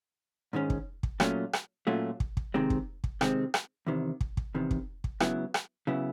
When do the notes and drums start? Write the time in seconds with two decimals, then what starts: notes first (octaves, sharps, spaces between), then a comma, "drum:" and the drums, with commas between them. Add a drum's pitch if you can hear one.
0.53 G#2 D#3 G#3 C#4
0.70 drum: kick
1.03 drum: kick
1.20 A#2 F#3 A3 C#4 F4, drum: rim click
1.53 drum: rim click
1.87 A#2 F#3 A3 C#4 F4
2.20 drum: kick
2.37 drum: kick
2.54 C3 D#3 G#3 C4
2.70 drum: kick
3.04 drum: kick
3.21 C3 D#3 G#3 C4, drum: rim click
3.54 drum: rim click
3.87 E2 C3 D#3
4.21 drum: kick
4.37 drum: kick
4.55 E2 C3 D#3
4.71 drum: kick
5.04 drum: kick
5.20 C#2 C#3 F#3 B3 E4, drum: rim click
5.54 drum: rim click
5.87 C#3 F#3 B3 E4